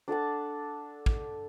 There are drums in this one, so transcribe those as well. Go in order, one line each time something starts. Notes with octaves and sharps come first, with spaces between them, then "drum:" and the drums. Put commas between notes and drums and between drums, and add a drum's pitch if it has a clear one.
D4 A4 F#5 A5
drum: kick